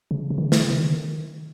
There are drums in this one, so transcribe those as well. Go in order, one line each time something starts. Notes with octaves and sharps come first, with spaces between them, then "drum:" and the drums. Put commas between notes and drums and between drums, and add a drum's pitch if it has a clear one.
C#3
C#3
D#3
C#3
D#3, drum: snare
C#3
D#3